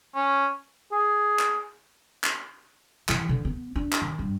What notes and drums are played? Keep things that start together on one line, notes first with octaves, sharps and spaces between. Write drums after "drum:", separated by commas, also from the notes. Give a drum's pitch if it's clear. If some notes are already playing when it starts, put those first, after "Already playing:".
C#4
G#4
drum: clap
drum: clap
E3, drum: clap
D3
B3
D4
drum: clap
D#3
G2